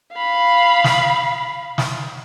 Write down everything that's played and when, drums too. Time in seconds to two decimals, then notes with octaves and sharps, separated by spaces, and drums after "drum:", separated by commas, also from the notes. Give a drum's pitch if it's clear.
0.14 F5 B5
0.84 drum: snare
1.78 drum: snare